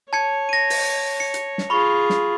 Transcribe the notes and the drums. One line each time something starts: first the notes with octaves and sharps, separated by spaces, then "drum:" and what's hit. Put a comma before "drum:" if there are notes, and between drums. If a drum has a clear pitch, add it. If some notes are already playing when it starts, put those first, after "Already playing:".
C#5 A5 G#6 C#7
A#6 D#7
drum: open hi-hat
C#7
drum: hi-hat
drum: snare
F4 G#4 B5 C#6
drum: snare